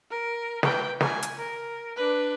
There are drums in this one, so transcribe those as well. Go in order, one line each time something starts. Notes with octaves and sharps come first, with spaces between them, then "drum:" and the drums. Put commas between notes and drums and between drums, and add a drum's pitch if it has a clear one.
A#4
B4 G5, drum: snare
G#5, drum: snare
drum: hi-hat
A#4
D4 B4